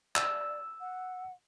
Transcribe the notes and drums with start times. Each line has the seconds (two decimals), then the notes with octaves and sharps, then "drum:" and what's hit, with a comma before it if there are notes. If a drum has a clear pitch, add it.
0.16 D5 E6, drum: clap
0.80 F#5